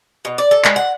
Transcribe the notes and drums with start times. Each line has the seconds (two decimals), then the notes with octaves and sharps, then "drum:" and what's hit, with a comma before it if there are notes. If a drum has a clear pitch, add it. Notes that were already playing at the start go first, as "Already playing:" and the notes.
0.25 B2
0.38 D5
0.51 A4
0.65 G#3, drum: clap
0.76 F#5